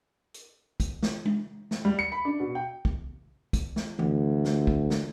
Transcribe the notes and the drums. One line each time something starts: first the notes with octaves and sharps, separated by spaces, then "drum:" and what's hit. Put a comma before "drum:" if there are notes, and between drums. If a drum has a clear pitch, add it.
drum: hi-hat
drum: kick, hi-hat
drum: snare
drum: tom G#3
drum: snare
G3
C#7
B5
D4
B2
G5
drum: kick
drum: kick, hi-hat
drum: snare
D2, drum: tom E3
drum: snare
drum: kick
drum: snare